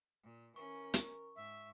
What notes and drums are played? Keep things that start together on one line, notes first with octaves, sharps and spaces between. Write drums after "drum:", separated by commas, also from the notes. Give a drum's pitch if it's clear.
A#2
E3 C#4 A#4 C#6
drum: hi-hat
G#2 E5